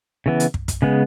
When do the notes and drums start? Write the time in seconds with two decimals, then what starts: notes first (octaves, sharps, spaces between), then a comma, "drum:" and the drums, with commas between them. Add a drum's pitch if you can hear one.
0.26 C#3 E3 B3
0.40 drum: hi-hat
0.54 drum: kick
0.68 drum: kick, hi-hat
0.82 C#3 G#3 B3